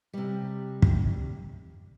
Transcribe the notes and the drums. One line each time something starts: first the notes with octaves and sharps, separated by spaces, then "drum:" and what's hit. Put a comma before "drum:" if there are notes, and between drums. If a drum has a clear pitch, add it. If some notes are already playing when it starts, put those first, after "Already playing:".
C3 G3
drum: kick